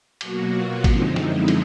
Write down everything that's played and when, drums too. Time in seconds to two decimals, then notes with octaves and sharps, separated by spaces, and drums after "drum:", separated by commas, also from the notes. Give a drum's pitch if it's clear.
0.21 B2 F#3 A#3 F#4, drum: cymbal
0.52 F4
0.84 F#2 D3 F3 G#3 C4 D#4, drum: kick G#1, cymbal
1.16 E4, drum: snare
1.48 drum: cymbal